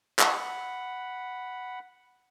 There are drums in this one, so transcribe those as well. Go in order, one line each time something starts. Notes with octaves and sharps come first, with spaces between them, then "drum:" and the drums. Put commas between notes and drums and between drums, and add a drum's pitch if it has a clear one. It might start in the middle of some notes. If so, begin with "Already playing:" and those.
F#5 B5, drum: clap